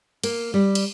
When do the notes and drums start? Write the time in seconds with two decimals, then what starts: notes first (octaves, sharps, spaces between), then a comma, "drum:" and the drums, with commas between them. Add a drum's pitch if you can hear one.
0.23 A#3, drum: cymbal
0.54 G3
0.75 drum: cymbal